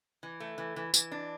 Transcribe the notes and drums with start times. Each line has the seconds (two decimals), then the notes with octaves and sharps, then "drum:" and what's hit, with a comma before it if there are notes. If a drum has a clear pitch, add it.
0.23 E3
0.40 A3
0.58 E3
0.76 E3
0.94 E3, drum: tambourine
1.12 D4